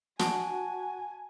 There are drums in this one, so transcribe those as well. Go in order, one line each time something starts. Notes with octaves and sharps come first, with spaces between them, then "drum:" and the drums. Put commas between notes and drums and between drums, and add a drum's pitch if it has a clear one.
F#4 G#5 A5, drum: snare